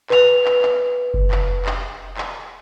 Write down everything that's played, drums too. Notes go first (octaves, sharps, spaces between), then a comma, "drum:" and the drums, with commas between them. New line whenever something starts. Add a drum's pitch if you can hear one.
B4 F7, drum: clap
drum: clap
drum: clap
drum: kick F#1
drum: clap
drum: clap
drum: clap